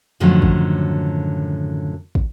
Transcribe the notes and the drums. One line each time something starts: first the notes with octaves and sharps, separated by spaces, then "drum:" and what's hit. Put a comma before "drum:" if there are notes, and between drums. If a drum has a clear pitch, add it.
F#2 A2 D3 D#3 F3 F#3
drum: kick
drum: kick